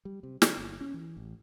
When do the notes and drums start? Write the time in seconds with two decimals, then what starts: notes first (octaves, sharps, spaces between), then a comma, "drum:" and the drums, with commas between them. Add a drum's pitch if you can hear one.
0.05 G3
0.23 C3
0.42 D3, drum: snare
0.57 G1
0.81 C#4
0.94 E3
1.17 A1